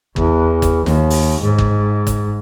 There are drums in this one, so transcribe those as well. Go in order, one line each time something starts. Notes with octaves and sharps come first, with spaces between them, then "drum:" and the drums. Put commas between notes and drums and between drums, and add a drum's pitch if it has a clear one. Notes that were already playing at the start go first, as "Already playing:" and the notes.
E2, drum: kick
drum: kick, hi-hat
D#2, drum: snare
drum: open hi-hat
G#2
drum: kick
drum: kick, hi-hat